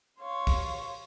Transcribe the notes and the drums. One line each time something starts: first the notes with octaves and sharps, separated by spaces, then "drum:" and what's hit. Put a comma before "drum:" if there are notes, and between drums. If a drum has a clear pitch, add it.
C#5 F5 C6
drum: kick, open hi-hat